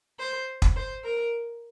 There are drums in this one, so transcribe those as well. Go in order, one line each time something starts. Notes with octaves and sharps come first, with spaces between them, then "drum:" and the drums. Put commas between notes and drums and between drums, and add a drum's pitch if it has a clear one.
C5
drum: kick
C5
A#4